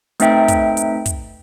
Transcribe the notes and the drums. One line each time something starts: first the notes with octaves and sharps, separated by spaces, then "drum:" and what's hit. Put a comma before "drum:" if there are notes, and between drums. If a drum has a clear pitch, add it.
A3 C4 D#4 B4 E5 G5, drum: hi-hat
drum: kick, hi-hat
drum: hi-hat
drum: kick, hi-hat